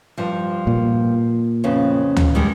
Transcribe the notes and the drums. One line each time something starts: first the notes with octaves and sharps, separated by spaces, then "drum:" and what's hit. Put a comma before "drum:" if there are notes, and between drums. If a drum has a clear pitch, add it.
G2 F3
A#2
F2 C#3 B3
drum: tom D2
D#3 G3 G#3